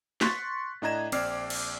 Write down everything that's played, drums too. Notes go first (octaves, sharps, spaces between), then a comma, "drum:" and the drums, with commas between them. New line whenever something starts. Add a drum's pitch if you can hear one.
C6 C#6 F#6 A6 B6, drum: snare
A2 D4 D#5 A#5 G#6 E7
A#1 C4 D5 D6 F6 C7, drum: cymbal
drum: cymbal